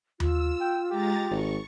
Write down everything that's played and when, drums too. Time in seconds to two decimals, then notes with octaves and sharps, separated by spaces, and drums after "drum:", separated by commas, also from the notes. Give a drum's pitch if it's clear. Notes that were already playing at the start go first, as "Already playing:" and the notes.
0.20 F4 E6, drum: tom D#2
0.61 G5
0.91 G#3 G4 A#5 A6
1.31 G#1 C#6